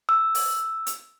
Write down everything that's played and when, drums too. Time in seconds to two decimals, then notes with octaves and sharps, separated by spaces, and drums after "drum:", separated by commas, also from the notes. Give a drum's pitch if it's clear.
0.09 E6
0.35 drum: open hi-hat
0.87 drum: hi-hat